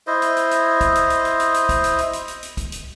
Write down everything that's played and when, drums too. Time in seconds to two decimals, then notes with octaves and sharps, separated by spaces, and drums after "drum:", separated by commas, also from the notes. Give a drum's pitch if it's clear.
0.07 E4 C5 D#5
0.22 drum: hi-hat
0.37 drum: hi-hat
0.51 drum: hi-hat
0.81 drum: kick, hi-hat
0.95 drum: hi-hat
1.10 drum: hi-hat
1.25 drum: hi-hat
1.40 drum: hi-hat
1.54 drum: hi-hat
1.69 drum: kick, hi-hat
1.84 drum: hi-hat
1.98 drum: hi-hat
2.13 drum: hi-hat
2.28 drum: hi-hat
2.43 drum: hi-hat
2.57 drum: kick, hi-hat
2.72 drum: hi-hat